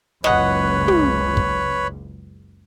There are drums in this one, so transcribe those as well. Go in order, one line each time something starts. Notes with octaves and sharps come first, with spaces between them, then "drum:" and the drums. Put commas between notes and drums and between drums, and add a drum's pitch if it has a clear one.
F#1 C#2 B4 C#5 D#5 F#5, drum: snare
drum: tom
drum: kick